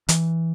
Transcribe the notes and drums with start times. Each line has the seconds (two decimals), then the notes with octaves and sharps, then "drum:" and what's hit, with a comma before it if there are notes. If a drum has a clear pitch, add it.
0.09 E3, drum: hi-hat